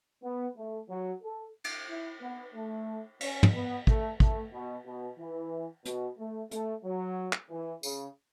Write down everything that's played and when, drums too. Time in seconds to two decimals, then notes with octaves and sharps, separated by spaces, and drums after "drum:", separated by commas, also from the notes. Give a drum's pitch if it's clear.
0.23 B3
0.56 A3
0.89 F#3
1.23 A4
1.64 drum: cymbal
1.89 E4
2.22 B3
2.54 A3
3.21 C#4, drum: cymbal
3.43 drum: tom
3.54 B3
3.87 A3, drum: kick
4.20 A3, drum: kick
4.53 B2
4.86 B2
5.19 E3
5.85 B2, drum: hi-hat
6.18 A3
6.51 A3, drum: hi-hat
6.84 F#3
7.33 drum: clap
7.50 E3
7.83 C#3, drum: tambourine